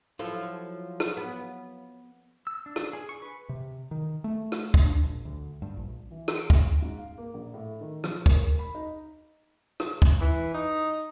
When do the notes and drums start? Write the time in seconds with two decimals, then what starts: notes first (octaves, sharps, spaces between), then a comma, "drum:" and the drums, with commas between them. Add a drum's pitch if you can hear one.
0.19 F3 F#3 E4 F4 A4
1.00 drum: rim click
1.17 B3
2.47 E6
2.66 D4
2.76 drum: rim click
2.93 G#4
3.09 C#6
3.22 B4
3.49 C3
3.91 D#3
4.24 A3
4.52 drum: rim click
4.74 drum: kick
4.86 D4
5.04 A#1
5.25 D2
5.62 G2
5.77 A#1
6.11 E3
6.28 drum: rim click
6.37 D7
6.50 drum: kick
6.82 G#2
6.97 F5
7.18 A#3
7.34 A#1
7.54 A2
7.81 D#3
8.04 F3, drum: rim click
8.26 A#4, drum: kick
8.59 B5
8.75 D#4
9.80 drum: rim click
10.02 drum: kick
10.21 E3
10.54 D#4